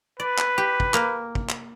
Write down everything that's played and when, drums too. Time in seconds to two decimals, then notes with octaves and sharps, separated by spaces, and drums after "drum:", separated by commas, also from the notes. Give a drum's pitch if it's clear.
0.20 B4 D5
0.38 drum: clap
0.58 G4
0.80 drum: kick
0.94 A#3, drum: clap
1.35 drum: kick
1.49 drum: clap